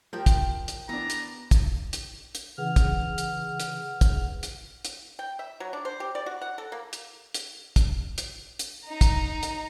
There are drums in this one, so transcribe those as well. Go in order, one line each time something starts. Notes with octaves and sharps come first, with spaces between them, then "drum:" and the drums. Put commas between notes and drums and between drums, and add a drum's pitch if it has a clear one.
F3 G4 A#4 G5
drum: kick, hi-hat
drum: hi-hat
E3 B3 D4 A#5
drum: hi-hat
drum: kick, hi-hat
drum: hi-hat
drum: hi-hat
C#3 E3 G#4 B4 F#5 F6
drum: kick, hi-hat
drum: hi-hat
drum: hi-hat
drum: kick, hi-hat
drum: hi-hat
drum: hi-hat
G5
E5
F#3
D4
C5
G4
D5
F#4
F#5
A4
A#3
drum: hi-hat
drum: hi-hat
drum: kick, hi-hat
drum: hi-hat
drum: hi-hat
D#4 A#5
drum: kick, hi-hat
drum: hi-hat